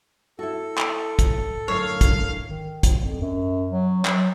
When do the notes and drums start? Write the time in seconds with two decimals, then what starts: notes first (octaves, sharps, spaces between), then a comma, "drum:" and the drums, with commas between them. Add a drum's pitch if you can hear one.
0.39 E4 F#4 A4
0.78 drum: clap
1.19 drum: kick, hi-hat
1.68 F#2 A2 D3 C#5 F5
2.01 drum: kick, hi-hat
2.48 D#3
2.83 drum: kick, hi-hat
3.04 F2
3.21 F#2
3.72 F#3
4.05 F#3, drum: clap